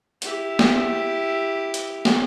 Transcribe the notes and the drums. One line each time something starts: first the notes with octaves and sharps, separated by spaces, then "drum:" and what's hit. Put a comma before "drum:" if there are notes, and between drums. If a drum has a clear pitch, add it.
E4 G4, drum: hi-hat
drum: snare
drum: hi-hat
drum: snare